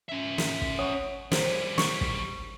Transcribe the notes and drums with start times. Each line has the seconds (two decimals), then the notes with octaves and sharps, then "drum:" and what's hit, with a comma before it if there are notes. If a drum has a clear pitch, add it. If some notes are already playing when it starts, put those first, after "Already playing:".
0.09 C#4 E5
0.38 drum: snare
0.61 drum: kick
0.79 C#5 F#5 D#6
1.32 G3 G#4 C5, drum: snare
1.78 C#6, drum: snare
2.01 drum: kick